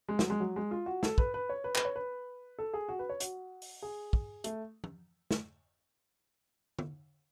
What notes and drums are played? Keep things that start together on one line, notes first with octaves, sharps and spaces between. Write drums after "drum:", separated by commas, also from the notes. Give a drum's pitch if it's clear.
G#3
F#3, drum: snare
G#3
F#3
G#3
F4
F#4
A4, drum: snare
B4, drum: kick
B4
C#5
B4
B4, drum: clap
C#5
B4
A4
G#4
F#4
B4
C#5
F#4, drum: hi-hat
drum: open hi-hat
G#4
drum: kick
A3, drum: hi-hat
drum: tom
drum: snare
drum: tom